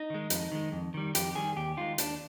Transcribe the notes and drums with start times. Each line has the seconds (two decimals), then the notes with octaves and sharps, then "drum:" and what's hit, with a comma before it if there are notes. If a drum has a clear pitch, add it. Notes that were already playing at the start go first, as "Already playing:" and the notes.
Already playing: D#4
0.10 D#3 G#3
0.30 F2, drum: hi-hat
0.52 D#3 G#3
0.72 F2
0.94 D#3 G3
1.15 F2 G4, drum: hi-hat
1.35 D#3 G3 G#4
1.56 D#2 G4
1.77 D#3 G#3 F4
1.98 D#2 D4, drum: hi-hat